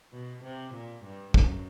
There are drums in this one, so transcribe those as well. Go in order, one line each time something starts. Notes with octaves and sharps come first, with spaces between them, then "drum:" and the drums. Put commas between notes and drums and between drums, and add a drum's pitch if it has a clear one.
B2
C3
A#2
G2
F#2, drum: kick